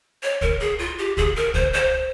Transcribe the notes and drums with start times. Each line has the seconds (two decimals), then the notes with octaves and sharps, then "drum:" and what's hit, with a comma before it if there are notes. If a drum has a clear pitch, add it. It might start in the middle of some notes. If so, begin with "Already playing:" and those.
0.23 C#5
0.41 A#4, drum: kick C#2
0.60 G#4
0.79 F4
0.98 G4
1.17 G#4, drum: kick C#2
1.36 A#4
1.54 C5, drum: kick C#2
1.73 C5